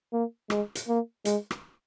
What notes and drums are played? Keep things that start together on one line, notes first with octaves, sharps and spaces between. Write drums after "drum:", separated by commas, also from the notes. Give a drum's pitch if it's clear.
A#3
G#3, drum: rim click
drum: hi-hat
A#3
G#3, drum: hi-hat
drum: rim click